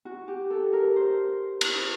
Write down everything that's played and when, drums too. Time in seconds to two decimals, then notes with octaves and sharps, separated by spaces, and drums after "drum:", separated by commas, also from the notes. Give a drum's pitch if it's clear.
0.05 F#4
0.28 G4
0.50 A4
0.73 A#4
0.96 C5
1.61 drum: cymbal